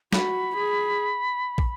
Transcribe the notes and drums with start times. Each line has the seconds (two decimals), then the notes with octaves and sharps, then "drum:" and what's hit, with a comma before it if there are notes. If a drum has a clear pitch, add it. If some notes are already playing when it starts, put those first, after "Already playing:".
0.13 F#4 B5, drum: snare
0.57 G#4
1.58 drum: kick